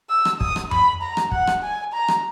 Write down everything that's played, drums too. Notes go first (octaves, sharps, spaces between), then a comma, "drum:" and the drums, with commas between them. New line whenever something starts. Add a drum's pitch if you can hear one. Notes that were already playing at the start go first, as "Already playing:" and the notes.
E6
drum: rim click
D#6, drum: kick
drum: rim click
B5, drum: tom F2
A#5
drum: rim click
F#5, drum: kick
drum: rim click
G#5
A#5
drum: rim click